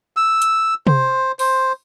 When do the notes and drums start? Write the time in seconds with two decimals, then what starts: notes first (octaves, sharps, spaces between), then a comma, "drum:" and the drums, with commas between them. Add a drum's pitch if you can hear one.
0.17 E6
0.42 drum: hi-hat
0.87 C5, drum: tom C3
1.39 C5, drum: open hi-hat